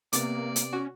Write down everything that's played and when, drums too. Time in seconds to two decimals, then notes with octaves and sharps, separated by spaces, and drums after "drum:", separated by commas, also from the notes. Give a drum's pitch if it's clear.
0.13 C3 A#3 B3 D5 D6 A6, drum: hi-hat
0.56 drum: hi-hat
0.73 C#4 F#4